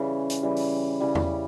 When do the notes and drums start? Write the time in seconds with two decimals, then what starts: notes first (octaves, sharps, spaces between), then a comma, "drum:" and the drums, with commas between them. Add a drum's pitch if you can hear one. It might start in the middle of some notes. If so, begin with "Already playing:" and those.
Already playing: C#3 E3 G3
0.30 drum: hi-hat
0.43 C#3 E3 G3
0.56 drum: open hi-hat
1.00 C#3 E3 G3
1.15 drum: tom E2